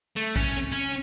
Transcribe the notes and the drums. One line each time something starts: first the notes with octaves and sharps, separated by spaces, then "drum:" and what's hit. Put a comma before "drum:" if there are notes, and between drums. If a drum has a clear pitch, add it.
A3
C#4, drum: kick A#1
C#4